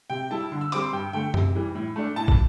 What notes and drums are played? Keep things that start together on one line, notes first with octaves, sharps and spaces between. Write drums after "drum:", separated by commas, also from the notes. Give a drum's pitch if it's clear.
C3 G5
G3 E4 A5
D3
E6
G3 C4 D6, drum: hi-hat
C6
G2 G5
D3 A3 G5
C3, drum: tom F#2
E3 G3
A2
A3 D4
A2 A5
drum: kick